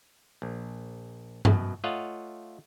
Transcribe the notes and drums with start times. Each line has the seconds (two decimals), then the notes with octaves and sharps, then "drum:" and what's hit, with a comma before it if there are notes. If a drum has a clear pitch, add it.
0.42 A#1
1.45 F#2 B2, drum: tom G2
1.84 A3 F4 C#5 D#5 F5 F#5